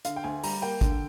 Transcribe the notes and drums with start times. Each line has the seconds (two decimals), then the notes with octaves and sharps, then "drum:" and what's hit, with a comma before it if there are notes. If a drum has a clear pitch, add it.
0.05 D3 F5, drum: hi-hat
0.16 G5
0.24 D2 G#5
0.43 G3 A#5, drum: open hi-hat
0.62 A#3 G5
0.81 D3, drum: kick, hi-hat